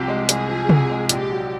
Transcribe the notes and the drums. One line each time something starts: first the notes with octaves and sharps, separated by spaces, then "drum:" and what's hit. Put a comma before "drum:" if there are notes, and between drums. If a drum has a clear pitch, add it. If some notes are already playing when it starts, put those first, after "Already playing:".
Already playing: C2 C3 F3 G4
G#3
C2 G#4, drum: hi-hat
F3
C3, drum: tom
G#3
A#1 G4, drum: hi-hat
F#3